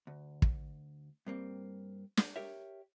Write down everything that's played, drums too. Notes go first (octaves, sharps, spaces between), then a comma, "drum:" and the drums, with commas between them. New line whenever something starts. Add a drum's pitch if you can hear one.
D2
drum: kick
G2 A#3 C4
drum: snare
G4 A#4 C#5 E5